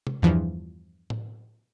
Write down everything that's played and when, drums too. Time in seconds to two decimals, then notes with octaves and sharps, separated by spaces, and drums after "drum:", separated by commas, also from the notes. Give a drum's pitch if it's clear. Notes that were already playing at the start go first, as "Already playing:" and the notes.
0.07 drum: tom
0.22 E2 G2 E3 F3
1.10 drum: tom A2